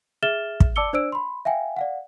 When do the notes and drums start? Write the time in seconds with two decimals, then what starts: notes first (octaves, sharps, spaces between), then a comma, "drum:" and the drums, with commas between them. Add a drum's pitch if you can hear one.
0.23 G#4 E5 F6 A6 E7 G7
0.60 drum: kick
0.76 D5 A5 D6 E6 C#7 G7
0.93 D4 C5 D5 E6 D7
1.12 B5 C6
1.45 E5 F5 G5 G#5
1.77 D5 F5 F#5